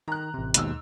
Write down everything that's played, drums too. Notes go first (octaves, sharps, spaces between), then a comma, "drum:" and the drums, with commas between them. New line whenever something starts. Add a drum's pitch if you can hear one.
D#3 A#5 F#6
A1 C3
D#2 G#2 B2 E6, drum: hi-hat